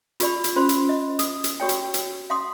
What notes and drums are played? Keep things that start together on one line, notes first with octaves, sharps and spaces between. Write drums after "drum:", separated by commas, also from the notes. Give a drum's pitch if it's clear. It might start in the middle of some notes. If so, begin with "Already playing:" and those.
F4 G4 D5 B5, drum: hi-hat
drum: hi-hat
C#4 F4 C5 B5 C6
drum: hi-hat
D#5
D#6, drum: hi-hat
drum: hi-hat
F#4 G4 C#5 G5
drum: hi-hat
drum: hi-hat
F5 F#5 C6 D#6